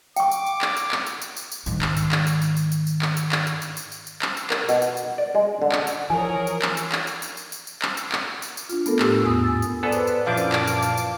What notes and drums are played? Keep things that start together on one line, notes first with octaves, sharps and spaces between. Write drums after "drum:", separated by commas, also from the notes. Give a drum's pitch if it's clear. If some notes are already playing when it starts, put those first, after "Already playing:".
G5 C#6 D6, drum: tambourine
drum: tambourine
drum: tambourine
drum: clap
drum: tambourine
drum: clap
drum: tambourine
drum: tambourine
drum: tambourine
drum: tambourine
G#2 D#3, drum: tambourine
drum: clap
drum: tambourine
drum: clap
drum: tambourine
drum: tambourine
drum: tambourine
drum: tambourine
drum: tambourine
drum: clap
drum: tambourine
drum: clap
drum: tambourine
drum: tambourine
drum: tambourine
drum: tambourine
drum: tambourine
drum: clap
drum: tambourine
A#4, drum: clap
B2, drum: tambourine
drum: tambourine
drum: tambourine
D5
G#3
D3
drum: clap
drum: tambourine
E3 F3 G#4 A#4 C#5 G#5
drum: tambourine
drum: clap
drum: tambourine
drum: clap
drum: tambourine
drum: tambourine
drum: tambourine
drum: tambourine
drum: tambourine
drum: clap
drum: tambourine
drum: clap
drum: tambourine
drum: tambourine
D4 F4, drum: tambourine
A3 B3 A4 A#4, drum: tambourine
A2 D4 G4 E6, drum: clap
E2 G#2 B3 G#5 D#6 E6
G#5 A6
drum: tambourine
B3 G#4 A4 B4 C5 D5
drum: tambourine
drum: tambourine
F#2 A#2 E3 F3 D4 F5 A5 D6
drum: tambourine
drum: clap
drum: tambourine
drum: tambourine
drum: tambourine